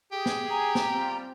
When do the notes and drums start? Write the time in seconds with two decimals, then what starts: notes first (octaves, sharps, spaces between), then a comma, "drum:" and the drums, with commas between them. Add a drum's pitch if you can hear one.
0.12 G4 G#4
0.26 drum: snare
0.50 G#5 A#5
0.75 drum: snare
0.91 G3 C4 F4